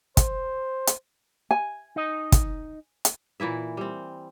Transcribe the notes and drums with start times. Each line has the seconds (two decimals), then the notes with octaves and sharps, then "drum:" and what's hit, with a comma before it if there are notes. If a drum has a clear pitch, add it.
0.17 C5, drum: kick, hi-hat
0.87 drum: hi-hat
1.51 G#5
1.96 D#4 D#5
2.32 drum: kick, hi-hat
3.05 drum: hi-hat
3.40 A#2 E3 E4 E5
3.77 G3 C4